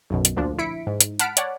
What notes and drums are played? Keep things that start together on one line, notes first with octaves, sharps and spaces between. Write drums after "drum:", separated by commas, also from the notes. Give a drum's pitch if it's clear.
B1 F#2 B2
drum: hi-hat
D2 A#2 F3 D4
E4 B6 C#7 D7
G#2
drum: hi-hat
F#5 A5 B5 F6 B6 D7, drum: hi-hat
C#5 D5 F#5, drum: hi-hat